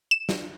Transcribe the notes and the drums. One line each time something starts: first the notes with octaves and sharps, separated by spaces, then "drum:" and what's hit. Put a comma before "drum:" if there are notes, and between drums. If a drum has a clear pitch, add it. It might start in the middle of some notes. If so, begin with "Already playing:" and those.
E7
drum: snare